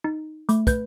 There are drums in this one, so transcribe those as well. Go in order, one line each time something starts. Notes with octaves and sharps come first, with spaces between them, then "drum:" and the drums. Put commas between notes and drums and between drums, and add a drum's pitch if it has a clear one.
D#4
A3, drum: hi-hat
B4 G6, drum: kick, hi-hat